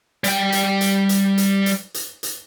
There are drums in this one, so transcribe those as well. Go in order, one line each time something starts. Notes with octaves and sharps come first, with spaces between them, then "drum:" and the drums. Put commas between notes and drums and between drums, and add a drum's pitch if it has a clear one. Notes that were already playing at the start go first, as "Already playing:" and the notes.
G3 G5, drum: hi-hat
drum: hi-hat
drum: hi-hat
drum: hi-hat
drum: hi-hat
drum: hi-hat
drum: hi-hat
drum: hi-hat